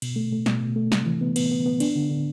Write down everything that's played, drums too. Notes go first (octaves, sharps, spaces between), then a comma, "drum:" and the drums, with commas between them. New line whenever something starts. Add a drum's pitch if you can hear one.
B2, drum: cymbal
A3
A3
B2, drum: snare
B2
A3
C3, drum: snare
E3
B3
B3, drum: cymbal
B3
B3
D4, drum: cymbal
D3
D3